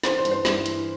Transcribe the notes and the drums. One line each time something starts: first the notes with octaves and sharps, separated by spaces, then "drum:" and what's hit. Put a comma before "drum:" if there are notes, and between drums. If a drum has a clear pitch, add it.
E3 C5, drum: snare
C5
G2, drum: hi-hat
C5
G2 E4, drum: snare
E3, drum: hi-hat